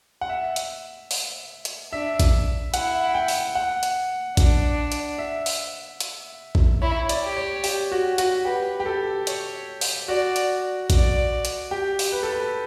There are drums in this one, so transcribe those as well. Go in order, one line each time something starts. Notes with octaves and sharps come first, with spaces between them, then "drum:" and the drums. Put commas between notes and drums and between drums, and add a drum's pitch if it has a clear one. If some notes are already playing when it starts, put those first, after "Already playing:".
F#5
E5
drum: hi-hat
drum: open hi-hat
drum: hi-hat
D4 E5
drum: kick A#1, hi-hat
E4 F#5, drum: hi-hat
G5
drum: open hi-hat
F#5
drum: hi-hat
D4, drum: kick A#1, hi-hat
drum: hi-hat
E5
drum: open hi-hat
drum: hi-hat
drum: kick A#1
E4 C#5
D5, drum: hi-hat
G4
C#5
G4, drum: open hi-hat
F#4
F#4, drum: hi-hat
G4 B4
G4
A4
C#5, drum: hi-hat
drum: open hi-hat
F#4 D5
drum: hi-hat
D5, drum: kick A#1, hi-hat
drum: hi-hat
G4
drum: open hi-hat
B4
A4
B4